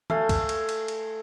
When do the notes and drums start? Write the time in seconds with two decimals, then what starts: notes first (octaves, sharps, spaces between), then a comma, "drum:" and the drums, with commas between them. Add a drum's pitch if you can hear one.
0.10 A3 F5 G#5, drum: tom D#3
0.29 drum: kick, cymbal
0.49 drum: cymbal
0.69 drum: cymbal
0.88 drum: cymbal